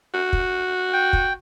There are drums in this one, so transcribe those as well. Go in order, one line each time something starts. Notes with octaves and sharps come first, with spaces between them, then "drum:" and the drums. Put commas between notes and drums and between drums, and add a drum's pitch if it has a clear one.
F#4
drum: kick
G5
drum: kick